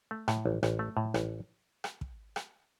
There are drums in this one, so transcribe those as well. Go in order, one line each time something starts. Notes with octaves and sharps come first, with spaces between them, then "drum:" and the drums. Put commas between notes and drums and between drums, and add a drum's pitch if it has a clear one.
A3
A2, drum: rim click
A1
A1, drum: rim click
A3
A2
A1, drum: rim click
drum: rim click
drum: kick
drum: rim click